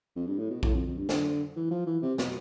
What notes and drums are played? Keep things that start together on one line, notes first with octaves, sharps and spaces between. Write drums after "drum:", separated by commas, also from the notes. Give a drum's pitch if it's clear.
F2
G2
A2
B2
A2, drum: kick A#1
F2
F2
G2
D3, drum: snare
E3
F3
E3
C3
B2, drum: snare